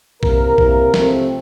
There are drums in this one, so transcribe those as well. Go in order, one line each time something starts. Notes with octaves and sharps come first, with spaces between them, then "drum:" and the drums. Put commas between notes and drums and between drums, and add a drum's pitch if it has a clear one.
C3 E3 A#3 A#4, drum: kick B1
C3 E3 A#3, drum: kick B1
C3 F3 A3 C4, drum: snare